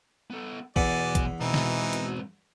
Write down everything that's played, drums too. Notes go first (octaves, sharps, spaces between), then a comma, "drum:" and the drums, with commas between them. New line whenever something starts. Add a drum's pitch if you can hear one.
B3 A4
E2 B2 F#3 B4 D5 F#5 G#5, drum: kick
drum: kick, hi-hat
G#2 B2 E3 C4 D#4
drum: snare
drum: hi-hat